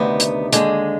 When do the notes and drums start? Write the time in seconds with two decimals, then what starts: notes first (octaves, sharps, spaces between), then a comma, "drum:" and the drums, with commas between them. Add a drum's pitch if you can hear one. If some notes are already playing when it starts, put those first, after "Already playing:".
Already playing: D2 C3 D#3 B3
0.20 drum: hi-hat
0.53 D#2 D3 G#3, drum: hi-hat